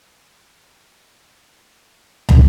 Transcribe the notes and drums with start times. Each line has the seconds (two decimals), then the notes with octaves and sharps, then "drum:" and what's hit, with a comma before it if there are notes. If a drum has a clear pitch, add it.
1.44 D3 F#3 C#4 D#4
2.29 drum: tom